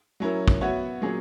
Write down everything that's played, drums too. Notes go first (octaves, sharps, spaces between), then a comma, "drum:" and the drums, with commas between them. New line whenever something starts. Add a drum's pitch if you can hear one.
F#3 C#4 E4 A#4
drum: kick
B3 F#4 C#5 E5
A#2 F#3 C#4 G#4